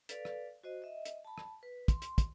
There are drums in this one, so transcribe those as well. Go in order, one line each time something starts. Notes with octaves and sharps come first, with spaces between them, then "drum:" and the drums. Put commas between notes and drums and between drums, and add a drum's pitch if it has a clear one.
A4 B4 D5 F5, drum: hi-hat
drum: rim click
F#4 C5 D#5
D#5 E5
drum: hi-hat
A5 B5
drum: rim click
B4
C6, drum: kick, hi-hat
drum: hi-hat
drum: kick, hi-hat